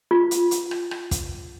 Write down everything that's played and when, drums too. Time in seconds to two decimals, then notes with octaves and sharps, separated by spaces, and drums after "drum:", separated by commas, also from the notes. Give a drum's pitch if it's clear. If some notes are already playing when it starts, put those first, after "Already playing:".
0.11 F4
0.31 drum: hi-hat
0.51 drum: hi-hat
0.71 drum: rim click
0.91 drum: rim click
1.11 drum: kick, hi-hat